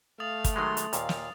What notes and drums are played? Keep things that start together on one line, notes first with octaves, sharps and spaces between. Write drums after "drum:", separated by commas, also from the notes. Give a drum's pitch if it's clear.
A3 F5 D#6 A6 F7
drum: kick, hi-hat
D#3 F#3 G#3 C6
drum: hi-hat
D#2 A#2 F5, drum: hi-hat
drum: snare